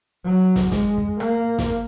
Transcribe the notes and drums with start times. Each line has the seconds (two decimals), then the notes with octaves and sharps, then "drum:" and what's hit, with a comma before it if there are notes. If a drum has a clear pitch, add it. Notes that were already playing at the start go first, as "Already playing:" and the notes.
0.24 F#3
0.56 drum: snare
0.72 G#3, drum: snare
0.97 drum: kick
1.20 A#3, drum: rim click
1.58 drum: snare